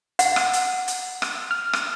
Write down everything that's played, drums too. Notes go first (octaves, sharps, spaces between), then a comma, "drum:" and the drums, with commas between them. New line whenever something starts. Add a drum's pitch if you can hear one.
F#5, drum: hi-hat
drum: rim click
drum: hi-hat
drum: hi-hat
drum: rim click
F6
drum: rim click